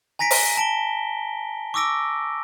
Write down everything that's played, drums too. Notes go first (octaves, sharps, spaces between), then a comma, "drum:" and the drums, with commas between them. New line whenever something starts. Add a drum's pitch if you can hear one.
G#5 A#5 A#6 B6 D7
drum: open hi-hat
A5 D7 G7
C#6 D6 E6 A#6 D7